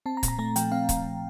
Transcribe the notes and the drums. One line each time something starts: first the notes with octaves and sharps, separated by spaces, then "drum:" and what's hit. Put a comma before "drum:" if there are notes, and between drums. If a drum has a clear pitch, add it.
C4 A5
A#5
A#2, drum: kick C#1, hi-hat
A#5
A3 A#5
F3 G5, drum: hi-hat
C4 F5
drum: kick C#1, hi-hat